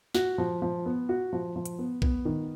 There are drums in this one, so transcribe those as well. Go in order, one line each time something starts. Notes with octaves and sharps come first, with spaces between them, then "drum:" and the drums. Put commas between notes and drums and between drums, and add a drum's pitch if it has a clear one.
F#4, drum: snare
F3
F3
B3
F#4
F3
F3
drum: hi-hat
B3
B3, drum: kick A#1
D#3